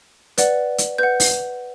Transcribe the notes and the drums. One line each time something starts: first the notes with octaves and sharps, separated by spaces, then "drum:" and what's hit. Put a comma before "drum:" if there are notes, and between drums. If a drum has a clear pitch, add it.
B4 D5 F#5, drum: hi-hat
drum: hi-hat
B4 F#5 G6
drum: open hi-hat